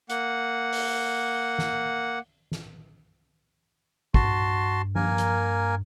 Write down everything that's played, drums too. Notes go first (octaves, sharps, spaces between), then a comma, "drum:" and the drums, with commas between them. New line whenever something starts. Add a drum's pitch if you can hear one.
A#3 F#5, drum: hi-hat
drum: open hi-hat
drum: snare
drum: snare
G2 F#4 A5 C6, drum: kick
A#3 A#4 G#5, drum: tom F3
drum: hi-hat